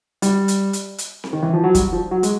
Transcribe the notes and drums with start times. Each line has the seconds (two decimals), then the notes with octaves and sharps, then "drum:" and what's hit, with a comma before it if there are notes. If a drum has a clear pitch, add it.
0.22 G3, drum: hi-hat
0.48 drum: hi-hat
0.73 drum: hi-hat
0.98 drum: hi-hat
1.24 drum: snare C4
1.33 D#3
1.43 E3
1.53 F3
1.64 F#3
1.75 G3, drum: kick, hi-hat
1.92 F3
2.11 F#3
2.23 G#3, drum: hi-hat